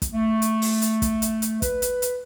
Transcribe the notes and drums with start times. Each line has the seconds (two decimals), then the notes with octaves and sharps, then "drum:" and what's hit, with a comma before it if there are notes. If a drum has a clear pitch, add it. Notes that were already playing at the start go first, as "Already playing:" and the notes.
0.02 drum: kick, hi-hat
0.14 A3
0.42 drum: hi-hat
0.62 drum: open hi-hat
0.82 drum: hi-hat
1.02 drum: kick, hi-hat
1.22 drum: hi-hat
1.42 drum: hi-hat
1.62 B4, drum: kick, hi-hat
1.82 drum: hi-hat
2.02 drum: hi-hat